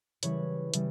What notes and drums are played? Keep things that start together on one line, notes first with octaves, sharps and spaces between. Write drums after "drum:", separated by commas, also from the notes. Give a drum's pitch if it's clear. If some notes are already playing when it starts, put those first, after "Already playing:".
C#3 E3 G3 B4 C#5, drum: hi-hat
C#3 E3 G3, drum: hi-hat